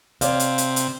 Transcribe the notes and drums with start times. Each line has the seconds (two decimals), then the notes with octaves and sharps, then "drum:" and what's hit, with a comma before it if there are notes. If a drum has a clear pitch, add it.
0.21 C3 C#5 D5 F5, drum: hi-hat
0.40 drum: hi-hat
0.58 drum: hi-hat
0.76 drum: hi-hat